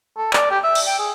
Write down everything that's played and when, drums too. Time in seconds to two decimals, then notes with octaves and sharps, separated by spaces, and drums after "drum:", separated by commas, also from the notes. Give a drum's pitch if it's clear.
0.17 A4
0.33 D5, drum: clap
0.50 G4
0.64 E5
0.75 drum: cymbal
0.87 G5
0.99 G#4